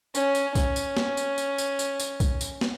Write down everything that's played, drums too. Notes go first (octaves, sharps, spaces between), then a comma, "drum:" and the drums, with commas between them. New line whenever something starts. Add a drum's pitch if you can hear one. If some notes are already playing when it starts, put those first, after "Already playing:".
C#4, drum: tambourine
drum: tambourine
C#4, drum: kick B1, tambourine
drum: tambourine
drum: snare
drum: tambourine
drum: tambourine
drum: tambourine
drum: tambourine
drum: tambourine
drum: kick B1, tambourine
drum: tambourine
drum: snare